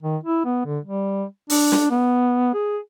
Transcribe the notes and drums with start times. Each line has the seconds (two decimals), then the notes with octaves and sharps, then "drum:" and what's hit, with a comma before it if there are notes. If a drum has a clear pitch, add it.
0.03 D#3
0.24 E4
0.45 B3
0.66 D3
0.85 G3
1.50 D4, drum: open hi-hat
1.72 drum: snare
1.91 B3
2.54 G#4